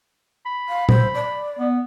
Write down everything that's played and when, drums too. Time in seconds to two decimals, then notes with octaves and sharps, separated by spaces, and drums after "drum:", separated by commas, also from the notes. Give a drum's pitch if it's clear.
0.46 B5
0.68 F5
0.89 C5, drum: tom
1.14 D5
1.59 B3